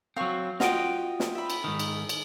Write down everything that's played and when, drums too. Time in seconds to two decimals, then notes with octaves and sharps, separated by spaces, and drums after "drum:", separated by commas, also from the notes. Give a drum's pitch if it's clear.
0.16 F#3 C4 F5 C#6
0.60 F4 F#4 D#5 G5, drum: snare
1.20 drum: snare
1.35 E5 B5
1.50 drum: cymbal
1.64 G#2 D#3
1.80 drum: cymbal
2.09 drum: cymbal